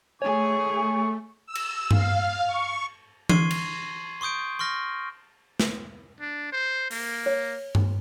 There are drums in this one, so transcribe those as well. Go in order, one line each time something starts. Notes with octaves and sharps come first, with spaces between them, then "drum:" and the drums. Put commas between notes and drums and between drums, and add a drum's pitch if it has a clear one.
A3 G#4 C#5 G#5 C#6
E6
drum: cymbal
F5, drum: tom G2
C#6
C6 C#6 G#6 C7 D#7, drum: tom E3
drum: cymbal
C6 C#6 D#6 G6 D7
C6 C#6 F6 A#6
drum: snare
D4
C5
A#3, drum: open hi-hat
C#5
drum: tom G2